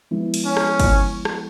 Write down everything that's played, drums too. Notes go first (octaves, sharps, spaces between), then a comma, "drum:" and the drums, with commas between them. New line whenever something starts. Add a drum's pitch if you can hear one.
F3 G#3 B3 E4
drum: cymbal
C#4
drum: rim click
drum: kick, cymbal
drum: rim click